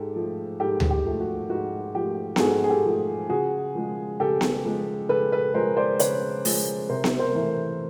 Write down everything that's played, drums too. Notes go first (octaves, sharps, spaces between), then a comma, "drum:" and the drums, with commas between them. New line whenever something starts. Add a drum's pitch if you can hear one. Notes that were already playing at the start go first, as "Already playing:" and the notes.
Already playing: G#2 G4 A4
F3 A3
G#2 G4 A4
drum: tom D2
G4
F3 A3
F#4
G#2 F#4
F3 A3 G4
A4, drum: snare B3
G#2 F#4 G#4
G#4
G4 A4
F3 A3
C#3 F#4 G#4
F3 G#3
C#3 G4 A4
drum: snare B3
F3 G#3
C#3 A4 B4
A4 B4
F3 G#3 A#4 C5
C5 D5
C#3 B4 C#5, drum: hi-hat
F3 G#3, drum: open hi-hat
C3 A#4 C5
drum: snare B3
A#4 C5
E3 A3